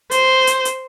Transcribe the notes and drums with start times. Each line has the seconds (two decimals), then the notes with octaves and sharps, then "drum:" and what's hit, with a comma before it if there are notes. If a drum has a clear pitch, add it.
0.11 C5, drum: hi-hat
0.47 drum: hi-hat
0.65 drum: hi-hat